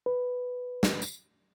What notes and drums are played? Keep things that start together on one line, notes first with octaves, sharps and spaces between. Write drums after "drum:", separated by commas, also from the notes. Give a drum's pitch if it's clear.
B4
drum: snare
drum: tambourine